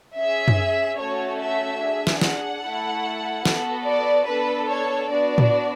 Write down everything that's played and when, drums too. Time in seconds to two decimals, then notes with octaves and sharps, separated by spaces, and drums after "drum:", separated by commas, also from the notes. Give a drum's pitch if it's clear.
0.15 C#4 G#4 E5
0.48 drum: tom F#2
0.98 A3 C#4 F#4 A4 C#5
1.39 E5
1.80 D4 G#4
2.07 drum: snare
2.21 F#5, drum: snare
2.63 A3 E4 A4
3.45 B3 F#4 A4, drum: snare
3.85 D5
4.27 B3 D4 A4 B4
4.68 C#5
5.09 B3 D4 F#4 D5
5.38 drum: tom A2